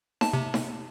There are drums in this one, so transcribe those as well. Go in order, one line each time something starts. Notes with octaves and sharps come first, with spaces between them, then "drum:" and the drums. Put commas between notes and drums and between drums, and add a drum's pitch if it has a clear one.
A5, drum: snare D#4
C3
drum: snare D#4